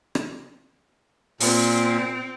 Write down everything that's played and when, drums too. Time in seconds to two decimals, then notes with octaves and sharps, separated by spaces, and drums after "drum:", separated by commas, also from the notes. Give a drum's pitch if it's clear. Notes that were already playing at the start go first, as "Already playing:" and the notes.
0.15 drum: rim click
1.41 A#2 C4, drum: open hi-hat